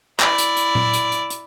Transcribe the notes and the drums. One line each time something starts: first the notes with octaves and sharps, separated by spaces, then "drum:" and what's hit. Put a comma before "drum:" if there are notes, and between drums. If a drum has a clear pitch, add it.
E4 D5, drum: clap
drum: hi-hat
drum: hi-hat
drum: tom A#2
drum: hi-hat
drum: hi-hat
drum: hi-hat